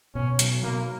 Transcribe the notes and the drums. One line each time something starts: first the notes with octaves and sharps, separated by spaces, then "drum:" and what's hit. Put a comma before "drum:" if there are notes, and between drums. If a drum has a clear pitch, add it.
B2 C#4
F#3, drum: hi-hat
B2 A#3